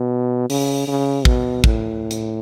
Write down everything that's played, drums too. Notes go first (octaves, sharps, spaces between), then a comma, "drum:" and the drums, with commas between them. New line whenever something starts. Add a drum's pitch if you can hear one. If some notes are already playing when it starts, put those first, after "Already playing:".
Already playing: B2
C#3, drum: open hi-hat
C#3
B2, drum: kick
A2, drum: kick
drum: hi-hat